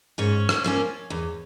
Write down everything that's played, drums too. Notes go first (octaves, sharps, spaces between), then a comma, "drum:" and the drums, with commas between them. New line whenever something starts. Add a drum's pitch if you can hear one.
G#2 C#4 C#5
drum: rim click
F3 A#3 C#4
E2